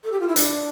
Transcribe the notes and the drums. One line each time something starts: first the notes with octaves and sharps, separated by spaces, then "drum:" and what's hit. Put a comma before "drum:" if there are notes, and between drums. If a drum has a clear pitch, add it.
A4
G4
F4
E4
D4, drum: hi-hat